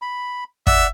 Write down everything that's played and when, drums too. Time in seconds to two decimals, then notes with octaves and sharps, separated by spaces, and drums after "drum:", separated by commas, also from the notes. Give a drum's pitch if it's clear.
0.02 B5
0.67 D5 E5 F#5, drum: kick